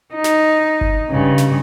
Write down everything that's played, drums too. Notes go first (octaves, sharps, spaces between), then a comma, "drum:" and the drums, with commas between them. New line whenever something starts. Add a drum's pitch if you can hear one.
D#4
drum: snare
drum: kick G1
G2 C#3
drum: snare